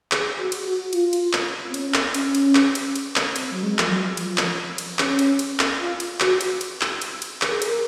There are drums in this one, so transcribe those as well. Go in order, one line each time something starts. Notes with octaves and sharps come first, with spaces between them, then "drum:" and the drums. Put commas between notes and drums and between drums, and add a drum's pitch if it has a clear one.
G#4, drum: clap
F#4
drum: cymbal
F#4
F4, drum: cymbal
drum: cymbal
drum: clap
C4
C#4, drum: cymbal
drum: clap
C#4, drum: cymbal
drum: cymbal
drum: clap
drum: cymbal
drum: cymbal
drum: clap
C4, drum: cymbal
F#3
G#3
F3, drum: clap
F#3
F3, drum: cymbal
drum: clap
drum: cymbal
C#4, drum: clap
drum: cymbal
drum: cymbal
drum: clap
F4
drum: cymbal
F#4, drum: clap
drum: cymbal
drum: cymbal
drum: clap
drum: cymbal
drum: cymbal
A#4, drum: clap
G#4
A#4, drum: cymbal